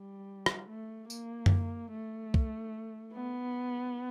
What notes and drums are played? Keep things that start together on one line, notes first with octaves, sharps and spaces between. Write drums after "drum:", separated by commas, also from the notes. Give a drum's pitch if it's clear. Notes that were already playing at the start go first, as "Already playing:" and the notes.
Already playing: G3
drum: rim click
A3
A#3, drum: tambourine
drum: tom F#2
A3
drum: kick
B3